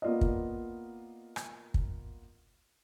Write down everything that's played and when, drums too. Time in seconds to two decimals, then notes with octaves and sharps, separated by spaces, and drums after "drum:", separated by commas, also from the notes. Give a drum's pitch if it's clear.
0.02 A#3 B3 F4 D5 D#5
0.21 drum: kick
1.36 drum: rim click
1.74 drum: kick